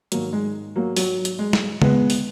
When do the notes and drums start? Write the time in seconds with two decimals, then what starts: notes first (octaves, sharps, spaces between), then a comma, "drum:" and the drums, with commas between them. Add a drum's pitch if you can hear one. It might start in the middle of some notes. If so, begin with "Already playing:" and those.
0.12 G#2 D#3 F#3 A#3, drum: hi-hat
0.33 G#3
0.76 F#3 A#3
0.97 F#3, drum: open hi-hat
1.25 drum: hi-hat
1.39 G#3
1.53 drum: snare
1.82 G#3 B3, drum: tom C#3
2.10 drum: open hi-hat